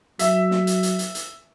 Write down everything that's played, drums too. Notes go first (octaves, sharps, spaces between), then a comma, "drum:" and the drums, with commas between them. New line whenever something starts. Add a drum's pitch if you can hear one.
F#3 E5, drum: hi-hat
drum: snare
drum: hi-hat
drum: hi-hat
drum: hi-hat
drum: hi-hat